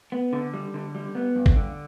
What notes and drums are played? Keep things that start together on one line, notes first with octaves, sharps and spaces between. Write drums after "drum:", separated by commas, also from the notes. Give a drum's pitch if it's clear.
B3
D3
G3
D3
G3
B3
G2
drum: kick
D3